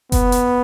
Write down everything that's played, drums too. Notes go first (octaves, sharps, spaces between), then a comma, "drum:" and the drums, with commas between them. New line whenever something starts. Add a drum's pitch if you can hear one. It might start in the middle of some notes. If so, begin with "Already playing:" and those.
B3, drum: kick F#1, hi-hat
drum: hi-hat